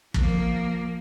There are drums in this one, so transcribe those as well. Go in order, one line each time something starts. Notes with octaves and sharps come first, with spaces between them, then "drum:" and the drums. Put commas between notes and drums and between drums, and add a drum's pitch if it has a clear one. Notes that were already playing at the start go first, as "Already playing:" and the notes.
F3 A#3, drum: kick